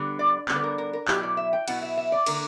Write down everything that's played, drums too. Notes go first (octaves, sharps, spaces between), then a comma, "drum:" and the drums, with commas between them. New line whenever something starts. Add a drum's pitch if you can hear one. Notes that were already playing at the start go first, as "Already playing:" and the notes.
Already playing: D3 G3 B3
D5
D3 G3 B3 C#5, drum: clap
B4
A#4
A#4
A#4
B2 F#3 B3 E4 G4, drum: clap
D5
E5
G5
B2 F#3 B3 E4 F#5, drum: cymbal
E5
E5
D5
D3 A#3 A#4, drum: cymbal